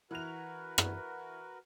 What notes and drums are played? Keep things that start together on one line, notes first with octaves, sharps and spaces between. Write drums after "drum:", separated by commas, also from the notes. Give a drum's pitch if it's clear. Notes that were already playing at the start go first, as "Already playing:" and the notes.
E3 F#4 A#4 B4 F7
drum: rim click